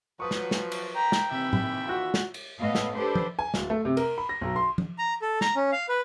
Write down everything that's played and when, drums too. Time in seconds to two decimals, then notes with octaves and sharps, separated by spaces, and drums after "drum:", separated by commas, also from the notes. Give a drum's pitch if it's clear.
0.20 F3 F#3 B4 C#6 D#6
0.31 drum: snare
0.51 drum: snare
0.72 drum: cymbal
0.95 G5 A#5 B5
1.12 drum: snare
1.31 D#2 C3 E3 E5 B5
1.53 drum: tom A2
1.86 F4 F#4
2.14 drum: snare
2.34 drum: cymbal
2.58 A2 B3 A4 D#5 F5
2.75 drum: snare
2.93 D4 G4 A4 B4 C5
3.15 drum: tom F3
3.39 G#5
3.54 D1, drum: snare
3.70 A3
3.85 C3
3.97 A#4, drum: cymbal
4.18 B5
4.29 A#6
4.41 B1
4.56 C6
4.78 drum: tom F3
4.98 A#5
5.22 A4
5.41 A#5, drum: snare
5.56 C#4
5.72 F5
5.89 B4